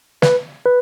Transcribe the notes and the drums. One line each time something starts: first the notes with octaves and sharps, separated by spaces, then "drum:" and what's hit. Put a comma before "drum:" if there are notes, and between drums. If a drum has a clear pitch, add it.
B4, drum: snare
B4